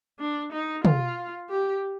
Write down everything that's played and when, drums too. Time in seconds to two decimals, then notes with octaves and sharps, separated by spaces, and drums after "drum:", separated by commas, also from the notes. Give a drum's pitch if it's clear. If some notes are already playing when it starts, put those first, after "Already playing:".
0.20 D4
0.53 D#4
0.85 F4, drum: tom
1.50 G4